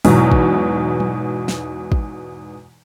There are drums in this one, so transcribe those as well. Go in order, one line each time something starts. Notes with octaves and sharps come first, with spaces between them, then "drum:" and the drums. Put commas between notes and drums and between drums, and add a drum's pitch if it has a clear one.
E2 G#2 B2 E3 F#3, drum: open hi-hat
drum: kick
drum: tom F#3
drum: snare
drum: kick